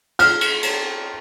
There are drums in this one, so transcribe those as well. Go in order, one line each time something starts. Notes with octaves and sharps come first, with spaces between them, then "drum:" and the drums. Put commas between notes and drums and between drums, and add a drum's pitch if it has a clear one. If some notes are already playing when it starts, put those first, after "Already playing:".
F6, drum: cymbal
drum: cymbal
drum: cymbal